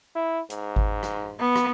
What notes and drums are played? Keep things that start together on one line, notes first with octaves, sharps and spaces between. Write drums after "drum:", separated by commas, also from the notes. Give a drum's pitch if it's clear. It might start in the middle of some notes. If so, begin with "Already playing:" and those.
E4
G#2, drum: hi-hat
drum: kick G#1
drum: rim click
B3
drum: rim click